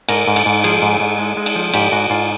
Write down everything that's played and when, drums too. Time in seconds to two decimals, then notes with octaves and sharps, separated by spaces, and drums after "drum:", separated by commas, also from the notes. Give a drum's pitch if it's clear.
0.09 G#2 A#4, drum: cymbal
0.28 G#2
0.36 A4, drum: cymbal
0.46 G#2
0.64 F3 G#4, drum: cymbal
0.82 G#2
1.00 G#2
1.18 G#3
1.37 G#3
1.46 drum: cymbal
1.55 F3
1.73 G#2 G4, drum: cymbal
1.92 G#2 F#4
2.10 G#2 F4